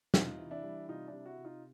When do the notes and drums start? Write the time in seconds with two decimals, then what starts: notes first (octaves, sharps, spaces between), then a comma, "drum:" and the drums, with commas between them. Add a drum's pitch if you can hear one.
0.14 C3 D#4 F4, drum: snare
0.39 E3
0.51 D4 E4
0.63 G3
0.89 C3 D#4 F4
1.07 D4 E4
1.13 C3
1.26 E4 F#4
1.38 C3
1.44 D#4 F4